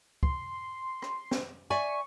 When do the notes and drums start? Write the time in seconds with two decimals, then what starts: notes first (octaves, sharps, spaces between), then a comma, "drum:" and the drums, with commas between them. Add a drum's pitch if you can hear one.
0.23 C6, drum: kick
1.02 drum: rim click
1.31 drum: snare
1.70 D5 E5 G#5 C#6